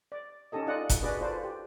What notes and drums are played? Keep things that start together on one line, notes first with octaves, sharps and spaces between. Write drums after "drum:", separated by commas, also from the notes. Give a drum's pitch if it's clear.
D5
C#4 D#4 G4 A4 D#5
D4 D#4 F4 D5 D#5 F#5
drum: kick F1, hi-hat
D4 F#4 G#4 B4 D5 D#5
F4 A4 B4 C5 D5
G4